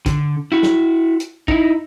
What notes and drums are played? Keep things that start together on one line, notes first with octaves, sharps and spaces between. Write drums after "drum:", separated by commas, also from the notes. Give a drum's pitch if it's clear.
D3, drum: kick, hi-hat
E4 F#4
drum: snare
drum: hi-hat
D#4 E4, drum: kick